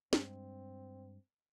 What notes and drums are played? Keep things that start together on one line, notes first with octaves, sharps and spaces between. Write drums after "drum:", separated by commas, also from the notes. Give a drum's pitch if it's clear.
G2 G#3 C4, drum: snare